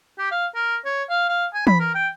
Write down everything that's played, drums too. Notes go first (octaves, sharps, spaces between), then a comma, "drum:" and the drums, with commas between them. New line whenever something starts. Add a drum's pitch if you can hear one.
G4
F5
A#4
C#5
F5
F5
G#5
B5, drum: tom E3
A#4
G5